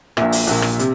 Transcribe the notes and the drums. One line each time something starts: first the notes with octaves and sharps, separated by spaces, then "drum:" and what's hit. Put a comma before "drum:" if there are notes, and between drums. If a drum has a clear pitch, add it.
A#1 A#2 E5, drum: rim click
drum: open hi-hat
A#1 A#2, drum: hi-hat
drum: rim click
C3, drum: hi-hat